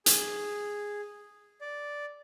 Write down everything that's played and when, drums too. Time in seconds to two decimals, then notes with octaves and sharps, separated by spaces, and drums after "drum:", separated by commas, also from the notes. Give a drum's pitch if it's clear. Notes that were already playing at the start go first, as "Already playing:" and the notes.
0.06 G#4, drum: hi-hat
1.61 D5